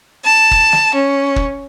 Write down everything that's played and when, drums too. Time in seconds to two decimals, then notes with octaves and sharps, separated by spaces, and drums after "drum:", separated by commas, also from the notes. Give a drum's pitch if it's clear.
0.25 A5
0.51 drum: kick
0.73 drum: snare
0.94 C#4
1.36 drum: kick